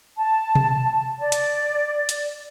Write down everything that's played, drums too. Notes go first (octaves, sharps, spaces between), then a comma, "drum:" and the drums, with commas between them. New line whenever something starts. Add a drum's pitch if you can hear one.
A5
drum: tom B2
D5
drum: hi-hat
drum: hi-hat